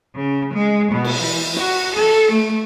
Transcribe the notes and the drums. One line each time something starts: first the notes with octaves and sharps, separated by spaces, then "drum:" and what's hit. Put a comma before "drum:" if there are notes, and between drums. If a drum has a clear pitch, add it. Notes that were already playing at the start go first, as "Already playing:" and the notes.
C#3
G#3
B2
drum: cymbal
E3
F#4, drum: snare
A4
A3